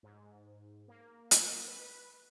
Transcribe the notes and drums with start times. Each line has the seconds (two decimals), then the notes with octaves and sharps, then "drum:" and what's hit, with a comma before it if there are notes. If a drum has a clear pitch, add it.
0.03 G#2
0.88 A#3
1.31 drum: hi-hat
1.68 B4